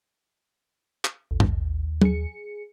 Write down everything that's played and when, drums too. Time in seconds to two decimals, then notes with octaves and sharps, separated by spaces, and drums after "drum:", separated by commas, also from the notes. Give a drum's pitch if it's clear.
1.05 drum: clap
1.31 A1 D#2
1.40 drum: tom G2
2.01 G#4 C#7, drum: tom F#3